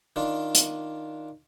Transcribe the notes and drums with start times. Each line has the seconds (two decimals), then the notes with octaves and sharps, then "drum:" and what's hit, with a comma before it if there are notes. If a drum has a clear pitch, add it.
0.16 D#3 D4 F4
0.55 drum: hi-hat